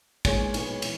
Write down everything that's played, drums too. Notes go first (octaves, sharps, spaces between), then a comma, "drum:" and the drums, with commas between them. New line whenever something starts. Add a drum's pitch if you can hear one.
B1 A#2 G#3 B3 C#5, drum: kick, cymbal
B1 A#2 G#3 B3, drum: cymbal
E3, drum: cymbal